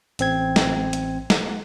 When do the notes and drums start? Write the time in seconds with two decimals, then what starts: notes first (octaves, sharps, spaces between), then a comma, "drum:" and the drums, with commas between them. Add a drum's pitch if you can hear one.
0.19 A1 C4 G#6, drum: hi-hat
0.56 drum: snare
0.93 drum: hi-hat
1.30 drum: snare